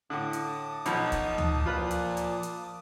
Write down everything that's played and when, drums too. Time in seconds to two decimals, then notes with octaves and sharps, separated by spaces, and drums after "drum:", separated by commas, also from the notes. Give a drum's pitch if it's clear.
0.10 A2 D3 A5 D6 D#6
0.33 drum: hi-hat
0.86 B1 F3 B3 D#4, drum: hi-hat
1.12 drum: kick, hi-hat
1.38 drum: tom D2
1.66 A#2 F3 F4 B4
1.91 drum: hi-hat
2.17 drum: hi-hat
2.43 drum: hi-hat